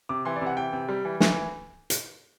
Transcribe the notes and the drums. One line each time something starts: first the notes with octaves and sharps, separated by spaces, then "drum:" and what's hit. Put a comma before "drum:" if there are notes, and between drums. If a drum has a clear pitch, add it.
C3 D6
E3 C6
D5
C3
F#5
E3 G5
C3
G3
E3
E3, drum: snare
drum: hi-hat